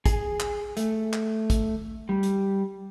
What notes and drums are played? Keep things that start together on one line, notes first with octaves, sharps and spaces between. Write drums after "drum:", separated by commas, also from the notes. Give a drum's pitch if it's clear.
G#4, drum: kick, hi-hat
drum: clap
A3, drum: hi-hat
drum: clap
drum: kick, hi-hat
G3
drum: hi-hat